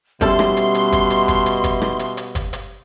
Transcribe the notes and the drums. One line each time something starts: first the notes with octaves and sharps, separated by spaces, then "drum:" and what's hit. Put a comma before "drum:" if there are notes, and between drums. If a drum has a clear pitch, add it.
B2 G3 C#4 A4 E5 C6, drum: kick, hi-hat
drum: rim click
drum: hi-hat
drum: hi-hat
drum: kick, hi-hat
drum: hi-hat
drum: kick, hi-hat
drum: hi-hat
drum: kick, hi-hat
drum: rim click
drum: hi-hat
drum: hi-hat
drum: kick, hi-hat
drum: hi-hat